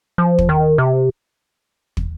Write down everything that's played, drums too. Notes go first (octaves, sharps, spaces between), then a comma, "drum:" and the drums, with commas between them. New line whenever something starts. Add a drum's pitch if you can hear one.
F3
drum: kick
D#3
C3
drum: kick